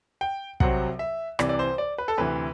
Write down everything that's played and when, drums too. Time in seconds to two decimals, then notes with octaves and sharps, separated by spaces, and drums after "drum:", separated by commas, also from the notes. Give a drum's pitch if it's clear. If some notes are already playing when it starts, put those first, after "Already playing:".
0.21 G5
0.60 C2 C3 F#3 C4 F#5, drum: kick
0.99 E5
1.39 C2 C3 E3 D5, drum: rim click
1.49 D5
1.59 C5
1.78 D5
1.98 B4
2.08 A4
2.18 D2 C3 E3 B4